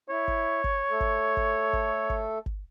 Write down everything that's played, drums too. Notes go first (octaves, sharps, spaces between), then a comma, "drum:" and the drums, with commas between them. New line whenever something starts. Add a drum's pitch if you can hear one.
E4 C#5
drum: kick G1
drum: kick G1
A3 A4
drum: kick G1
drum: kick G1
drum: kick G1
drum: kick G1
drum: kick G1